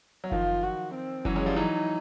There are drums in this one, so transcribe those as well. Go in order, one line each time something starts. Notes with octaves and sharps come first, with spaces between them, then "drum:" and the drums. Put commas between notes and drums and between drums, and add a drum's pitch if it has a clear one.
F#3
D#3 F3 F4, drum: kick F#1
F#4
C4
E3 F#3 C#4, drum: kick F#1
F#3 G#3
F3 G3
E3 F#3 D#4